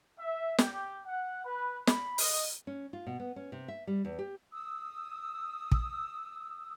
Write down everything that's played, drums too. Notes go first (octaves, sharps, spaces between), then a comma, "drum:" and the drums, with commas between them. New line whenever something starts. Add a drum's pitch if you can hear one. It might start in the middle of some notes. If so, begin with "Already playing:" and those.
E5
G4, drum: snare
F#5
B4
B5, drum: snare
D#5, drum: open hi-hat
C#4
F4
B2
B3
C#4
C3
E5
G3
E2
G4
D#6 E6
drum: kick